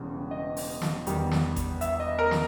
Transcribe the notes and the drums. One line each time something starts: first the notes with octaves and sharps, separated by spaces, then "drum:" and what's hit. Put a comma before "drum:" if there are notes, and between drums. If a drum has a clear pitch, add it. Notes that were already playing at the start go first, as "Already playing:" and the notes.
Already playing: E1 E2 C#3 G3
D#5
drum: open hi-hat
drum: snare
E2 D#3 G3, drum: hi-hat
drum: snare
drum: kick G#1, hi-hat
E5, drum: hi-hat
D#5
A#4
drum: snare